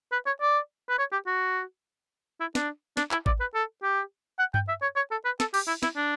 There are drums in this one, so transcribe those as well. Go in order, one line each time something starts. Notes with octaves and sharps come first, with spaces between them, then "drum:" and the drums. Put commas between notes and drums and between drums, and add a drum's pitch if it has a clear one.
B4
C#5
D5
B4
C#5
G4
F#4
E4
D4, drum: snare
D4, drum: snare
E4, drum: clap
D5, drum: kick A1
B4
A4
G4
F#5
G5, drum: tom G2
E5
C#5
C#5
A4
B4
A4, drum: snare
G4, drum: cymbal
E4
E4, drum: snare
D4